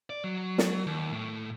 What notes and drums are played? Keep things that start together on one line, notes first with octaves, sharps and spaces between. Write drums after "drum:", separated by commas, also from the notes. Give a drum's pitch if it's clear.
D5
F#3
drum: snare
D#2
A2